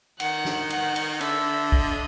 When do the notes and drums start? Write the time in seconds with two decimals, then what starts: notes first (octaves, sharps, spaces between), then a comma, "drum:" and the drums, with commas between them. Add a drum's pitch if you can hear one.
0.20 D#3 F#5, drum: cymbal
0.45 drum: snare
0.70 F#5, drum: cymbal
0.96 drum: cymbal
1.21 D3 E5, drum: cymbal
1.72 D#5, drum: kick